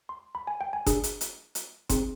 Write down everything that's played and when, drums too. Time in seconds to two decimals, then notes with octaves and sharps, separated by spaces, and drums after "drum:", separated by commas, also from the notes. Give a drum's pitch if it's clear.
0.09 C6
0.35 B5
0.47 G#5
0.61 G5
0.73 G#5
0.86 D4 G#4, drum: kick F#1, hi-hat
1.03 drum: hi-hat
1.21 drum: hi-hat
1.55 drum: hi-hat
1.89 C4 D#4 G#4 C6, drum: kick F#1, hi-hat